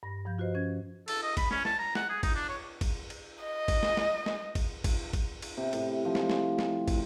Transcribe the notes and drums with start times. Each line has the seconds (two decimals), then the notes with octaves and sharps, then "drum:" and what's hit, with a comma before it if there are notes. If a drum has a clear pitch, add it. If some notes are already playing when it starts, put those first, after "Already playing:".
0.03 G2 A#6
0.25 G2 F3 F5 G6
0.38 F4 F#4 B4 C5 D#5
0.55 C#4 G#6
1.08 A4, drum: cymbal
1.23 D#5
1.37 B5, drum: kick, cymbal
1.51 C#4, drum: snare
1.65 A5, drum: snare
1.79 A#5
1.95 F#5, drum: snare
2.09 G#4
2.23 D#4, drum: kick, cymbal
2.35 D4
2.48 C#5
2.81 drum: kick, cymbal
3.10 drum: cymbal
3.44 D#5
3.68 drum: kick, cymbal
3.83 drum: snare
3.97 drum: snare
4.26 drum: snare
4.55 drum: kick, cymbal
4.84 drum: kick, cymbal
5.13 drum: kick, cymbal
5.42 drum: cymbal
5.57 C3
5.73 A2, drum: cymbal
6.05 F3
6.15 drum: snare
6.30 drum: snare
6.59 drum: snare
6.88 drum: kick, cymbal